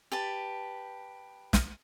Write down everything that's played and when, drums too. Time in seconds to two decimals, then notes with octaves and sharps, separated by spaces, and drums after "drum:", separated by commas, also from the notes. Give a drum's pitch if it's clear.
0.12 G4 B4 A5
1.53 drum: snare